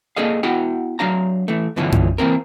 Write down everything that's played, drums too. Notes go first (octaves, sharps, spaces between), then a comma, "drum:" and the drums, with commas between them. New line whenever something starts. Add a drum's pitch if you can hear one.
A#3 D4 G#4 A4 D#5 F5
B3 E4 F#4 F#5 G5
F#3 D4 F5 A#5
E3 A3
G2 B2 D3 E3 F3 C#4
drum: tom F#2
E3 A#3 C4 A#4